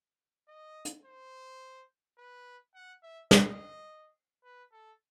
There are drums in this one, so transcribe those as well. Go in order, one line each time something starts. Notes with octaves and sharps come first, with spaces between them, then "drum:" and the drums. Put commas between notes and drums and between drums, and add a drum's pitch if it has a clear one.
D#5
drum: hi-hat
C5
B4
F#5
E5
D#5, drum: snare
B4
A4